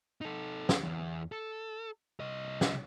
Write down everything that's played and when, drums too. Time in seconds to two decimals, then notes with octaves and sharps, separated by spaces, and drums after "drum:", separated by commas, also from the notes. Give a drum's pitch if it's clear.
0.21 D#4 A4
0.69 drum: snare
0.83 E2
1.32 A4
2.20 C2 D#5
2.61 drum: snare